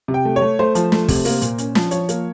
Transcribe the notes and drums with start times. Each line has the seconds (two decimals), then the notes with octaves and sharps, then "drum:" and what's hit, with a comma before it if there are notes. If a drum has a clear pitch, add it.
0.08 C3
0.14 G5
0.25 A3
0.36 C#5
0.41 A3
0.59 A3 C5
0.75 F3, drum: hi-hat
0.92 A3, drum: snare
1.09 C3, drum: kick, open hi-hat
1.25 A#3, drum: open hi-hat
1.42 A#2, drum: hi-hat
1.58 C#4, drum: hi-hat
1.75 F3, drum: snare
1.91 F3 C#5, drum: hi-hat
2.09 A#3, drum: hi-hat